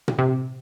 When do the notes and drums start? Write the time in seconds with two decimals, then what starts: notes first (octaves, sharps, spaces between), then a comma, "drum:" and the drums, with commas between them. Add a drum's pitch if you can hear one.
0.08 drum: tom A#2
0.19 C3